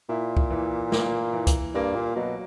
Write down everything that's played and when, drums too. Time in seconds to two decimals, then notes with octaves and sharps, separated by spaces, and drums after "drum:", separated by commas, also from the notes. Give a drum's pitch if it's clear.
0.09 A#2 E4
0.37 drum: kick C2
0.50 E3
0.92 A#3, drum: snare
1.33 E3
1.47 drum: kick C2, hi-hat
1.74 G2 A#3
1.95 A#2
2.16 B2 F#3